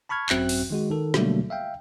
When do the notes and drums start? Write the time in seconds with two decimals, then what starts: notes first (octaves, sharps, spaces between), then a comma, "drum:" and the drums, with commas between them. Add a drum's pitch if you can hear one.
0.09 A5 B5 C#6 F6 G#6
0.29 G#1 F#2 C4 F#4 E5 F#6, drum: clap
0.49 drum: open hi-hat
0.70 D#3 G#3 F#4
0.90 D#3 A4
1.14 B2 D3 F#3 G3 A3 A#3, drum: snare
1.50 E5 F5 G5